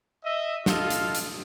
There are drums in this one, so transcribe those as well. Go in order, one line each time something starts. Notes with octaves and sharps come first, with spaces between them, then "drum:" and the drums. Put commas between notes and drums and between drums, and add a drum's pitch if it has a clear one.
D#5 E5
F4 A4 D#5 F5, drum: snare
drum: hi-hat
drum: hi-hat